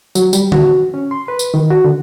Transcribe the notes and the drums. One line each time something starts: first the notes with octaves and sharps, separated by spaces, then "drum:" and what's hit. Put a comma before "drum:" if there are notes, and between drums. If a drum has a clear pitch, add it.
F#3, drum: tambourine
G3, drum: tambourine
F#4, drum: tom D3
C#4
C6
B4
drum: tambourine
D#3
F#4
D3